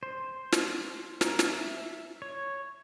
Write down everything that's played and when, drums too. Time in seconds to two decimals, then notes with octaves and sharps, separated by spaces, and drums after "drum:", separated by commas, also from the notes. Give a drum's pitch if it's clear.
0.03 C5
0.52 drum: snare
1.21 A#4, drum: snare
1.39 drum: snare
1.50 E5
2.22 C#5